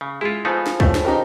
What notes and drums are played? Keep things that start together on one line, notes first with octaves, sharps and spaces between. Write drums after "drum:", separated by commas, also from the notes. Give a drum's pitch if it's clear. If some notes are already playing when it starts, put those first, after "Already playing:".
C#3
G#3 E4 F4
F3 A3 B3 D#4 G#5 B5
drum: snare
C#2 A3, drum: kick C2
drum: snare
D#4 G4 A#4